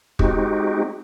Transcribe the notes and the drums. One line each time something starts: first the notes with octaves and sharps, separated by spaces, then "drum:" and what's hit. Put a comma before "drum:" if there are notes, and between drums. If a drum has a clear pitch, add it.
G#3 C4 D#4 F#4 G4, drum: kick